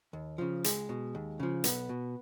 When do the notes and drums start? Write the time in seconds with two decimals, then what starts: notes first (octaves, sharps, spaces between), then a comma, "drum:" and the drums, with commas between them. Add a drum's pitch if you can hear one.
0.13 D#2
0.38 C#3 F3
0.64 C#2 G#3, drum: hi-hat
0.89 B2
1.15 D#2
1.40 C#3 F3
1.64 B1 B3, drum: hi-hat
1.89 B2